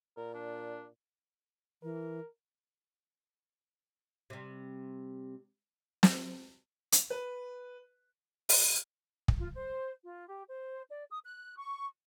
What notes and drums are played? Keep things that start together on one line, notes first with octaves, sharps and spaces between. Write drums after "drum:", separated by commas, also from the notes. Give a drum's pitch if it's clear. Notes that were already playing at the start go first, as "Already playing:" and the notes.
A#2 A#4
D4
E3 A#4
C3 G3
drum: snare
drum: hi-hat
B4
drum: open hi-hat
drum: kick
F4
C5
F4
G4
C5
D5
D#6
F#6
C#6